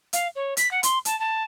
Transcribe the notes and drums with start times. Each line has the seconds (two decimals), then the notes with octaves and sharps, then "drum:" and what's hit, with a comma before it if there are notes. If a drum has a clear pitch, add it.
0.13 F5, drum: hi-hat
0.35 C#5
0.57 B6, drum: hi-hat
0.71 F#5
0.83 C6, drum: hi-hat
1.05 A5, drum: hi-hat
1.19 A5